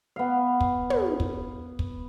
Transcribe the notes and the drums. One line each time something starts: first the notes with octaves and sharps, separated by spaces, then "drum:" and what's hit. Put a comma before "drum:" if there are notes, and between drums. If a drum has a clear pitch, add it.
B3 F5
drum: kick
drum: tom
drum: kick
drum: kick